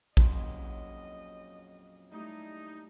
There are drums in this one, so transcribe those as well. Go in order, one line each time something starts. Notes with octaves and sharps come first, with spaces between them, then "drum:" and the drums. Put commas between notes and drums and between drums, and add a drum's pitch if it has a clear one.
F2 A#2 F#3 G#3 C#4 D#5 C6, drum: kick A1
G2 A3 D#4 E4 G4